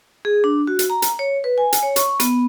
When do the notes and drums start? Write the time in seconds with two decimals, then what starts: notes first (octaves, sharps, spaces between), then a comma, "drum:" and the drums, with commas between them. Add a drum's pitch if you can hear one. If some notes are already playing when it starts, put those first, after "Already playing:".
0.25 G#4
0.44 D4
0.67 F#4
0.79 drum: hi-hat
0.90 A#5
1.02 drum: hi-hat
1.19 C#5
1.44 B4
1.58 G#5
1.73 drum: hi-hat
1.83 C#5
1.96 C#6, drum: hi-hat
2.20 B3, drum: hi-hat